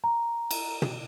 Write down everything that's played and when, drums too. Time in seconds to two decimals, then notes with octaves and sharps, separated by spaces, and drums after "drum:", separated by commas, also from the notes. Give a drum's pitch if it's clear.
0.04 A#5
0.51 drum: cymbal
0.82 drum: tom